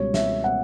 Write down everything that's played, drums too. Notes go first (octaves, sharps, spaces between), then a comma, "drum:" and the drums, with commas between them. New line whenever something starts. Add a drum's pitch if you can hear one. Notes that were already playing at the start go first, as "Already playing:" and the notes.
Already playing: C#2 B2 G3 C#5
E5, drum: snare
F#5